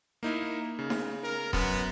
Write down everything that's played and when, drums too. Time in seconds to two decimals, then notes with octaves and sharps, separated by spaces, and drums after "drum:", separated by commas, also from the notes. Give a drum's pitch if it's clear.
0.23 A#3 D#4 E4
0.79 C#3
0.90 drum: snare D#4
1.23 A#4
1.53 F#2 B3, drum: kick D#1